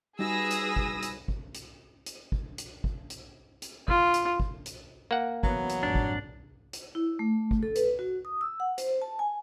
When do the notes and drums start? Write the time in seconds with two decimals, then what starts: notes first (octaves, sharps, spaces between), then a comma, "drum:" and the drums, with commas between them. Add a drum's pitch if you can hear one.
0.19 G3 D#4 F#4 G#4 B4 D#6 E6 A#6
0.51 drum: hi-hat
0.76 drum: kick
1.02 drum: hi-hat
1.28 drum: kick
1.54 drum: hi-hat
2.06 drum: hi-hat
2.32 drum: kick
2.58 drum: hi-hat
2.84 drum: kick
3.10 drum: hi-hat
3.62 drum: hi-hat
3.88 F4, drum: kick
4.14 drum: hi-hat
4.40 drum: kick
4.66 drum: hi-hat
5.11 A#3 F#5
5.43 E3 F#3 B3, drum: kick
5.69 drum: hi-hat
5.83 G#1 F2 D4
5.95 drum: kick
6.73 drum: hi-hat
6.95 E4
7.19 A3
7.51 drum: kick
7.63 A4
7.75 B4, drum: hi-hat
7.99 F#4
8.25 D#6
8.41 E6
8.60 F#5
8.78 C5, drum: hi-hat
9.02 A5
9.19 G#5